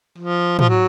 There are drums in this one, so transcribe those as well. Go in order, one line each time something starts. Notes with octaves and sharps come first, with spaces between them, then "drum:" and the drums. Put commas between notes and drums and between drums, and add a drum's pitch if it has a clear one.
F3
F3, drum: tom
F#3